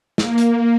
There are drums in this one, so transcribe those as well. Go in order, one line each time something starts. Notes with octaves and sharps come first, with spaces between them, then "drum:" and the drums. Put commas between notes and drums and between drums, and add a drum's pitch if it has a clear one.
A#3, drum: snare
drum: hi-hat